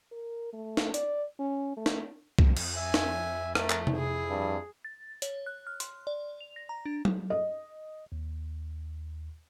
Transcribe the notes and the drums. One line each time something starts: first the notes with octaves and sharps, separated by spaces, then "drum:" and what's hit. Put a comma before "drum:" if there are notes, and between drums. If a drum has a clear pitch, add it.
A#4
A3
drum: snare
D5, drum: hi-hat
C#4
A3
drum: snare
F2, drum: kick C2
drum: cymbal
E5 G#5
drum: snare
A3 A#4, drum: rim click
drum: clap
drum: tom C3
E4 G#4
G2
A6
C#5, drum: hi-hat
F#6
F6
C6, drum: hi-hat
D5
F7
A#6
A#5
D4
drum: tom F#3
D#5
D#2